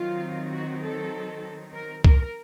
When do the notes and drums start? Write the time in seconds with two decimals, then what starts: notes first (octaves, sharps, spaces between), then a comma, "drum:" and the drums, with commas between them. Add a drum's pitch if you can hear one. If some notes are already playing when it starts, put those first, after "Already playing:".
Already playing: D#3 F#3 C4 D#4 F4
0.52 F#4
0.82 A4
1.74 A#4
2.05 A#4, drum: kick C2